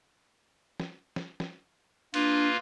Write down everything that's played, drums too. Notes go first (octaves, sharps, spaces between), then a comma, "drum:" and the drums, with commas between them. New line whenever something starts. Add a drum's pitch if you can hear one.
drum: snare
drum: snare
drum: snare
A#3 D4 F4 B4, drum: cymbal